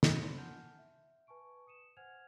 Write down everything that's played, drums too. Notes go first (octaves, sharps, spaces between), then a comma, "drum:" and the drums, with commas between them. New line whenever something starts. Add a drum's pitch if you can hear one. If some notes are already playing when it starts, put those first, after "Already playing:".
drum: snare
E4 C5 B5 C6
F#5 G#5 A5 F6 G6
E5
B4 G#5 A5 C#6 D7
D#6 C#7 D#7 E7
C5 F#5 G#5 F6 G#6 F7